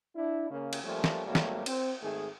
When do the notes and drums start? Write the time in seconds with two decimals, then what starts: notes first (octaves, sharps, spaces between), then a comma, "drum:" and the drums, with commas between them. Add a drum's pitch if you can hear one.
0.16 D4 E4
0.50 C#3 A#3
0.73 drum: cymbal
0.83 F3 G3 A3 A#3 C#4
1.04 drum: snare
1.25 G#1 F#3 G3 A3 A#3
1.35 drum: snare
1.66 C4, drum: cymbal
2.02 G#1 D#3 A3 G#4